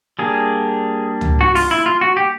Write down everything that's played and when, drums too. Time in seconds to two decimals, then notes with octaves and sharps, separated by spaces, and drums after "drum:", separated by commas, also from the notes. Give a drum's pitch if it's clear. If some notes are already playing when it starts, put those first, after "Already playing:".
0.19 G3 A#3 D4 G#4
1.21 drum: tom C#2
1.41 F#4
1.55 F4, drum: open hi-hat
1.71 E4
1.86 F4
2.01 F#4
2.17 G4